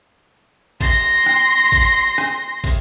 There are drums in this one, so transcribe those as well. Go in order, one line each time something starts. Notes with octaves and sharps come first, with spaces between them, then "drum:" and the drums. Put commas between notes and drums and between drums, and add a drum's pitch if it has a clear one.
C6 A#6, drum: kick, cymbal
drum: rim click
drum: kick, cymbal
drum: rim click
drum: kick, cymbal